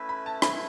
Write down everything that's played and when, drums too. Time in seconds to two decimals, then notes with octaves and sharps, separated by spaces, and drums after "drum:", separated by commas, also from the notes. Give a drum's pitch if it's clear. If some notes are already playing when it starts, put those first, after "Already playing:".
Already playing: A3 C#4 E4 B4 E5
0.09 B5
0.26 A5
0.42 B5, drum: rim click